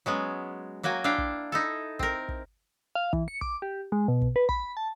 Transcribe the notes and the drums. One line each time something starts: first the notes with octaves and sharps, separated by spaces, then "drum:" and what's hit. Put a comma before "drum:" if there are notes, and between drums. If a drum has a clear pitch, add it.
F#3 G#3 B3 C#4
F#3 A#3 F#4 G5 G#5
D4 E4 F5 G5
drum: kick
D#4 E4 A4
C4 A#4, drum: kick
drum: kick
F5
E3, drum: kick
C#7
D6, drum: kick
G4
G#3
B2
drum: kick
B4
B5, drum: kick
A5